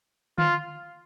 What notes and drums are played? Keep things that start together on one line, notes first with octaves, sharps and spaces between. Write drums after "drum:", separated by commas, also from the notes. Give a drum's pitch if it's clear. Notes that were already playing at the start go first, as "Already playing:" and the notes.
F4, drum: tom D3